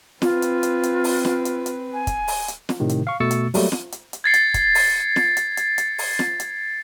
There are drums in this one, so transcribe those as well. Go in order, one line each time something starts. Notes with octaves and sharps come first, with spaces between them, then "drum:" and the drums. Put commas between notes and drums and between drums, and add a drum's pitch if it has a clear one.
C4 F4 B4, drum: snare
drum: hi-hat
drum: hi-hat
drum: hi-hat
drum: open hi-hat
drum: snare
drum: hi-hat
drum: hi-hat
G#5
drum: kick, hi-hat
drum: open hi-hat
drum: hi-hat
drum: snare
A2 C3 D#3
drum: hi-hat
F5 C#6
B2 A3 C#6 E6 A6 C#7
drum: hi-hat
F#3 G3 A3 A#3, drum: open hi-hat
drum: snare
drum: hi-hat
drum: hi-hat
G#6 A6 C7 C#7
drum: hi-hat
drum: kick, hi-hat
drum: open hi-hat
drum: snare
drum: hi-hat
drum: hi-hat
drum: hi-hat
drum: open hi-hat
drum: snare
drum: hi-hat